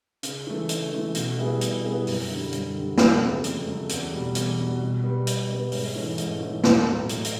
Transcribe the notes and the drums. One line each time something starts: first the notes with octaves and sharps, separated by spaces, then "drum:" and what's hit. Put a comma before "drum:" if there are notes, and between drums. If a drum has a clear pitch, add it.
C#3, drum: hi-hat
E3 A3
C#3, drum: hi-hat
E3 A3
B2, drum: hi-hat
G3 B3 E4 G#4
B2, drum: hi-hat
G3 B3 E4 G#4
F#2, drum: open hi-hat
D3 G3
F#2, drum: hi-hat
D3 G3
F2, drum: snare
C#3 F#3 A3
F2, drum: hi-hat
C#3 F#3 A3
E2, drum: hi-hat
B2 G3
E2, drum: hi-hat
B2 G3
B2
G3 B3
B2, drum: hi-hat
G3 B3
G#2, drum: open hi-hat
E3 A3 C#4
G#2, drum: hi-hat
E3 A3 C#4
A2, drum: snare
F#3 A3
A2, drum: hi-hat
drum: hi-hat